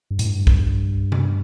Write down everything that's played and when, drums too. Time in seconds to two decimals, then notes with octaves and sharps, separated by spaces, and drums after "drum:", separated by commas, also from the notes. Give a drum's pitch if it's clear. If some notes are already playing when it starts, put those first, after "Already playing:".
0.11 G2
0.19 A2, drum: hi-hat
0.28 G2
0.47 drum: kick
1.12 drum: tom C3